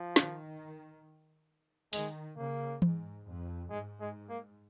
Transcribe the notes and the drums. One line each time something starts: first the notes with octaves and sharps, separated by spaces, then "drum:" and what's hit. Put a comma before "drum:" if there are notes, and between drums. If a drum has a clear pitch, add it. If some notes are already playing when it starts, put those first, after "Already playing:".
Already playing: F3
D#3, drum: snare
D#3 G#3, drum: open hi-hat
C#3 A#3
G#2, drum: tom E3
F2
G#2 G#3
G#3
A#3